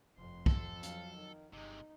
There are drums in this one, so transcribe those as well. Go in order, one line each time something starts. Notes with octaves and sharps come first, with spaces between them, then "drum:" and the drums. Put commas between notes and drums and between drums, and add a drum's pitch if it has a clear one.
F1 F2 C6
A4, drum: kick
F#3 F5, drum: hi-hat
D#3
G1 C3 G#3 D#4